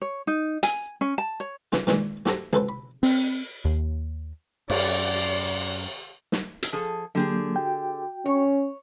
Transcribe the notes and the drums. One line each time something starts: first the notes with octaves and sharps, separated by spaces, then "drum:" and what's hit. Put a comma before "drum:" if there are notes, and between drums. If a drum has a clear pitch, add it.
C#5
D#4
G#5, drum: hi-hat
C#4
A5
C#5
C#3 E3 F4, drum: snare
A#2 D#3 E3 G#3, drum: snare
F#4 G4 A4 C5 A#5, drum: snare
C#2 A4 B4 C5, drum: tom
B5
C4, drum: open hi-hat
D#2
F#2 D5, drum: cymbal
drum: snare
drum: hi-hat
F3 G#4 A4
D3 F#3 A#3 G4 G#4
F#4 G5
C#4 C#5